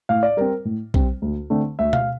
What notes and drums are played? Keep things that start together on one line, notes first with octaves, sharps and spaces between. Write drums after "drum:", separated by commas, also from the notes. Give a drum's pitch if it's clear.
A2 F5
D5
G3 C4 A#4
A2
G3 C4, drum: kick B1
D2
D3 A3 C4
D2 E5
F5, drum: tom B2